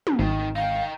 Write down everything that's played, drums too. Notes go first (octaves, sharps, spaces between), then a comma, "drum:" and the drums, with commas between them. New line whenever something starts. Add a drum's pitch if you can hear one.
drum: tom
G#1 D#3
D#4 F5 G5